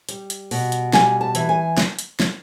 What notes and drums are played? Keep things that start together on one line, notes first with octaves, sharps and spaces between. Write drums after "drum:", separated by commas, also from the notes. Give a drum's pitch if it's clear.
G3, drum: hi-hat
drum: hi-hat
B2, drum: open hi-hat
drum: hi-hat
G3 G#5, drum: snare
A5
E3, drum: hi-hat
G#5
drum: snare
drum: hi-hat
drum: snare